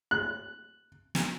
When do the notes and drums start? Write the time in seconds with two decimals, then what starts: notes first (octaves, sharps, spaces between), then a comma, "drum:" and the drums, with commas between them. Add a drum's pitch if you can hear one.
0.11 F#6
1.15 drum: snare